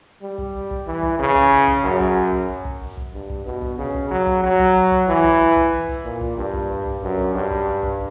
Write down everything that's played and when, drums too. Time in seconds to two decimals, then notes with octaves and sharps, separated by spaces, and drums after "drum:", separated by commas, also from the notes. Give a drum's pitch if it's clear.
0.22 G3
0.38 drum: kick
0.71 drum: kick
0.87 E3
1.03 drum: kick
1.19 C#3
1.35 drum: kick
1.68 drum: kick
1.84 F#2
2.00 drum: kick
2.32 drum: kick
2.65 drum: kick
2.97 drum: kick
3.13 G2
3.30 drum: kick
3.46 B2
3.62 drum: kick
3.78 C#3
3.94 drum: kick
4.11 F#3
4.27 drum: kick
4.43 F#3
4.59 drum: kick
4.92 drum: kick
5.08 E3
5.24 drum: kick
5.56 drum: kick
5.89 drum: kick
6.04 A#2
6.21 drum: kick
6.37 G2
6.53 drum: kick
6.86 drum: kick
7.02 F#2
7.18 drum: kick
7.34 G2
7.51 drum: kick
7.83 drum: kick